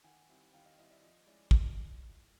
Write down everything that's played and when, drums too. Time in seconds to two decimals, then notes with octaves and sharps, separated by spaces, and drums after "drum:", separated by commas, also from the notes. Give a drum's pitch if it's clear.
0.04 D#3 F#5 G#5
0.29 G3 C4 E4
0.53 D#3 F5 G5
0.65 D#5 F5
0.78 G3 C4 E4 D#5 F5
0.90 D5 E5
1.02 F3 D#5
1.26 G#3 C#4 E4 D5
1.51 F3 D#5, drum: kick